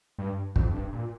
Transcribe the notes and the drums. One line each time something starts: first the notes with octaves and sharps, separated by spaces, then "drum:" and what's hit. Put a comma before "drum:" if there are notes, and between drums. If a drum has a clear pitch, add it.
G2
F2, drum: kick
G2
A#2